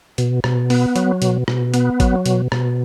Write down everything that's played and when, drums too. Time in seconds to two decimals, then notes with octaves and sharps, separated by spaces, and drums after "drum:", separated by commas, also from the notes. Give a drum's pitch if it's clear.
0.18 B2, drum: hi-hat
0.44 B2, drum: rim click
0.70 B3, drum: open hi-hat
0.96 F#3, drum: hi-hat
1.22 B2, drum: hi-hat
1.48 B2, drum: rim click
1.74 B3, drum: hi-hat
2.00 F#3, drum: kick G#1, hi-hat
2.26 B2, drum: hi-hat
2.52 B2, drum: rim click